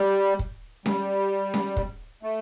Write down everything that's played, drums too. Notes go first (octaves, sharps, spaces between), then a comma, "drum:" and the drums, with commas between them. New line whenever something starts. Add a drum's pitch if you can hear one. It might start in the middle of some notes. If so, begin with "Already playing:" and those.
Already playing: G3
drum: kick
G3, drum: snare C#4
drum: snare C#4
drum: kick
A3